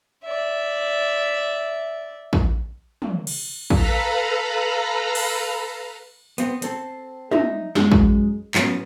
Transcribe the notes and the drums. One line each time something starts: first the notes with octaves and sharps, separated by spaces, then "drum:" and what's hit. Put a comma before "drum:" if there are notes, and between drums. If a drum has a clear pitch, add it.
D5 E5
drum: kick
drum: tom
drum: cymbal
A4 B4 F5 A#5 B5, drum: kick
drum: cymbal
B3 C4, drum: hi-hat
C4 A4, drum: hi-hat
D#4 E5, drum: tom
F#2 G#3, drum: snare
drum: kick
A2 F#3 A#3 B3 C#4, drum: clap